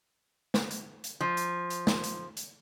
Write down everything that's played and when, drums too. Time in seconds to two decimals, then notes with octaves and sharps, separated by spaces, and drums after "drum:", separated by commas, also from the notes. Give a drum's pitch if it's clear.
0.54 drum: snare
0.71 drum: hi-hat
1.04 drum: hi-hat
1.20 F3
1.37 drum: hi-hat
1.70 drum: hi-hat
1.87 drum: snare
2.04 drum: hi-hat
2.37 drum: hi-hat